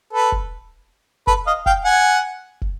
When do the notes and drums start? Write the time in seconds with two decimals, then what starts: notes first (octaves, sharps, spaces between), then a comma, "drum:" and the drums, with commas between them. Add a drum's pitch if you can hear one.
0.13 A4 B4
0.32 drum: kick
1.27 A4 B4, drum: kick
1.47 D#5 F5
1.66 F5 G5, drum: kick
1.85 F#5 G#5
2.62 drum: kick